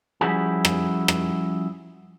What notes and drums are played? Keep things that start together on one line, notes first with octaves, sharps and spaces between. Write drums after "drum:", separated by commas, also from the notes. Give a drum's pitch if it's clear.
F3 G3 C#4 E4 F#4 G#4
drum: rim click
drum: rim click